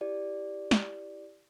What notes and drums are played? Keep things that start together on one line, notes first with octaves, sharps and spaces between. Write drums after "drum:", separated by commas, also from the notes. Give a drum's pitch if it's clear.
E4 G4 D5
drum: snare